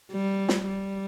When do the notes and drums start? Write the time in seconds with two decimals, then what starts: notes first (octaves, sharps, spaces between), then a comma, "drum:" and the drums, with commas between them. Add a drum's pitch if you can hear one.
0.12 G3
0.49 drum: snare
0.68 G3